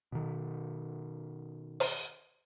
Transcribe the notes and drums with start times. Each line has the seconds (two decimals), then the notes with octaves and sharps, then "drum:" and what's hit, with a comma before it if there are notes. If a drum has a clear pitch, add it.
0.12 B2 D#3
1.80 drum: open hi-hat